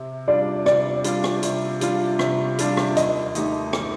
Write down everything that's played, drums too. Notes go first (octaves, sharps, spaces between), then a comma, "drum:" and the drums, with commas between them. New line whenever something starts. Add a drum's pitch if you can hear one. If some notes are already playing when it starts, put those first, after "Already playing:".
Already playing: C3
G3 D4 F4 D5
C3 D5, drum: rim click
G3 D4 F4, drum: hi-hat
drum: rim click
C3, drum: hi-hat
G3 D4 F4, drum: hi-hat
C3, drum: rim click
G3 D4 F4, drum: hi-hat
drum: rim click
D#2 D#5, drum: hi-hat
D#3 A3 D#4 G4, drum: hi-hat
drum: rim click